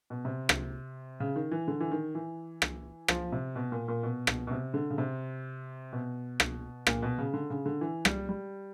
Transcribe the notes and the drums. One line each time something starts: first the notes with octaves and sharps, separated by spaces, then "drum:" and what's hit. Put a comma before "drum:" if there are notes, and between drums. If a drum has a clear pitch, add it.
B2
C3
drum: rim click
C#3
D#3
E3
D3
E3
D#3
E3
drum: rim click
F3, drum: rim click
C3
B2
A#2
A#2
B2
B2, drum: rim click
B2
C3
D3
C#3
C3
B2
drum: rim click
A#2, drum: rim click
B2
C#3
D3
C#3
D3
E3
G3, drum: rim click
G3